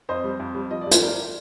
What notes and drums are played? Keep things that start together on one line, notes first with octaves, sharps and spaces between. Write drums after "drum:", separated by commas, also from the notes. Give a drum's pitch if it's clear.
F2 C5 D#5
G3
F2
G3
F3 D#5
G2 D5
C5, drum: hi-hat
G2 A#4 D5